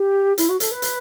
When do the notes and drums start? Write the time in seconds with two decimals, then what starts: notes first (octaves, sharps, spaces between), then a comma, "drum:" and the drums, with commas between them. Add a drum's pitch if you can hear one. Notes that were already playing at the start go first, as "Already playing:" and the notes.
Already playing: G4
0.38 E4, drum: hi-hat
0.49 F#4
0.60 A4, drum: hi-hat
0.71 B4
0.82 drum: hi-hat